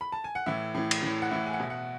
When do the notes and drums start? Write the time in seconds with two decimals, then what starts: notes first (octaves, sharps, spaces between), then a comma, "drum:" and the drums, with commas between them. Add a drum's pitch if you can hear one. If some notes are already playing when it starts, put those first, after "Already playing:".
0.01 B5
0.12 A5
0.24 G#5
0.35 F#5
0.46 A2 E3 E5
0.75 A2 E3
0.91 drum: cymbal
1.03 A2 E3
1.22 F#5
1.31 A2 E3 E5
1.46 G#5
1.53 F#5
1.60 B2 E5
1.70 F#5